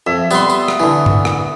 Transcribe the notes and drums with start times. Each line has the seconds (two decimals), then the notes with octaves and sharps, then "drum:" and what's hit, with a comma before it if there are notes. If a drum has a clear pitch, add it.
0.07 F2 E5
0.31 G3 B3 C6, drum: tambourine
0.49 drum: tambourine
0.68 drum: rim click
0.80 D3 E3
1.06 drum: tom G#2
1.25 drum: rim click